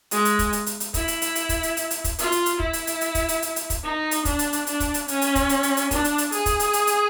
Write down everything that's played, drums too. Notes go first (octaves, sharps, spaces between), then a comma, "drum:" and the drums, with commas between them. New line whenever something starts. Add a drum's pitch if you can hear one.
G#3, drum: hi-hat
drum: hi-hat
drum: kick, hi-hat
drum: hi-hat
drum: hi-hat
drum: hi-hat
E4, drum: kick, hi-hat
drum: hi-hat
drum: hi-hat
drum: hi-hat
drum: kick, hi-hat
drum: hi-hat
drum: hi-hat
drum: hi-hat
drum: kick, hi-hat
F4, drum: hi-hat
drum: hi-hat
drum: hi-hat
E4, drum: kick
drum: hi-hat
drum: hi-hat
drum: hi-hat
drum: kick, hi-hat
drum: hi-hat
drum: hi-hat
drum: hi-hat
drum: kick, hi-hat
D#4
drum: hi-hat
D4, drum: kick, hi-hat
drum: hi-hat
drum: hi-hat
D4, drum: hi-hat
drum: kick, hi-hat
drum: hi-hat
C#4, drum: hi-hat
drum: hi-hat
drum: kick, hi-hat
drum: hi-hat
drum: hi-hat
drum: hi-hat
D4, drum: kick, hi-hat
drum: hi-hat
drum: hi-hat
G#4, drum: hi-hat
drum: kick, hi-hat
drum: hi-hat
drum: hi-hat
drum: hi-hat